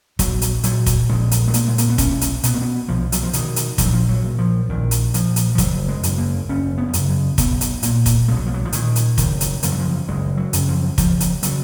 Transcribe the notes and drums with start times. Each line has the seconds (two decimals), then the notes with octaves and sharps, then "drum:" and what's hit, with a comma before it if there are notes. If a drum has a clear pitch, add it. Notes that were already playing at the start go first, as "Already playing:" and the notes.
0.19 A#1 F#3, drum: kick, hi-hat
0.42 drum: hi-hat
0.63 A#2 F#3, drum: hi-hat
0.86 drum: kick, hi-hat
1.09 A#1 G#3
1.31 drum: hi-hat
1.48 G#3
1.54 A#2 A#3, drum: hi-hat
1.68 G#3
1.78 A#3, drum: hi-hat
1.89 B3
1.98 B1 C#4, drum: kick, hi-hat
2.21 drum: hi-hat
2.43 B2 B3, drum: hi-hat
2.54 A#3
2.62 B3
2.88 B1 F3
3.12 F#3, drum: hi-hat
3.23 F3
3.33 B2 D#3, drum: hi-hat
3.56 drum: hi-hat
3.78 A#1 F3, drum: kick, hi-hat
3.86 F#3
3.93 F3
4.09 F#3
4.24 A#2
4.39 F3
4.69 A#1 D#3
4.91 drum: hi-hat
5.14 A#2 F3, drum: hi-hat
5.36 drum: hi-hat
5.55 F3
5.58 F#1 F#3, drum: kick, hi-hat
5.89 G#3
6.03 F#2 C#3, drum: hi-hat
6.18 A#3
6.49 F#1 C#4
6.78 B3
6.93 F#2 C#3, drum: hi-hat
7.09 F#3
7.38 B1 B3, drum: kick, hi-hat
7.61 drum: hi-hat
7.83 A#2 A#3, drum: hi-hat
8.06 drum: kick, hi-hat
8.28 B1 G#3
8.36 F#3
8.46 F3
8.54 F#3
8.65 F3
8.72 A#2 D#3, drum: hi-hat
8.96 drum: hi-hat
9.18 F#1 D#3, drum: kick, hi-hat
9.41 drum: hi-hat
9.63 F#2 C#3 F3, drum: hi-hat
9.72 F#3
9.80 F3
10.08 F#1 G#3
10.37 F#3
10.53 F#2 C#3, drum: hi-hat
10.69 F3
10.98 F#1 F3, drum: kick, hi-hat
11.20 drum: hi-hat
11.43 C#3 F#3, drum: hi-hat